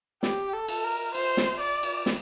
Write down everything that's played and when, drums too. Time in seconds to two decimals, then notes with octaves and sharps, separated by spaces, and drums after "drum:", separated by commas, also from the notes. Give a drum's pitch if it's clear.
0.23 G4, drum: snare
0.53 A4
0.68 drum: cymbal
0.84 A#4
1.15 C5, drum: cymbal
1.37 drum: snare
1.60 D5
1.83 drum: cymbal
2.06 drum: snare